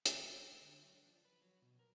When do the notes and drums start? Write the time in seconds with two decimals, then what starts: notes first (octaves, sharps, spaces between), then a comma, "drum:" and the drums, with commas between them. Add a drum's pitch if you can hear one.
0.06 D3, drum: hi-hat
0.23 G#3
0.38 G4
0.61 D3
0.82 F#3
0.94 D4
1.06 F3
1.25 B4
1.42 F#3
1.62 B2
1.79 A#4